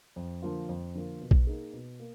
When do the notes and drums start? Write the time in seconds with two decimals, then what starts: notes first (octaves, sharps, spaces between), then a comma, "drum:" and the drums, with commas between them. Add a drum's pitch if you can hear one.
0.16 F2
0.42 D3 F3 A#3 F4
0.69 F2
0.95 D3 F3 A#3 F4
1.21 B2
1.31 drum: kick A#1
1.47 A#3 D#4 G#4
1.73 B2
2.00 A#3